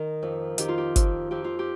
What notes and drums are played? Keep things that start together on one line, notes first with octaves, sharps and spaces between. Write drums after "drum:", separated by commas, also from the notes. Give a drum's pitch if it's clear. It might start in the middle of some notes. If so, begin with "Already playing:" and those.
Already playing: D#3 A#4
F2
D#3 G4, drum: hi-hat
F4
G4
F2, drum: kick, hi-hat
F2 G4
F4
G4